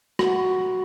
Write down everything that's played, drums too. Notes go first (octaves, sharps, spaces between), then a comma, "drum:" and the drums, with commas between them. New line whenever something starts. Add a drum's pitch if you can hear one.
F#4, drum: rim click